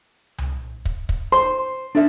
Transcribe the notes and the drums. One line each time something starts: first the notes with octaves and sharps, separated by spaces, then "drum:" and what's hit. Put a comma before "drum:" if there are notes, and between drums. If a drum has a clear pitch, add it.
drum: tom C2
drum: kick
drum: kick
C5 C6
D4 A4 E5